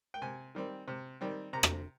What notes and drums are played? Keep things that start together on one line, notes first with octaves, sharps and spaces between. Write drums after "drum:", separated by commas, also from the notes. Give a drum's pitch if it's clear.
G5
C3 G#5
D#3 G3 C4
C3
D#3 G3 C4
C3 A#5
drum: rim click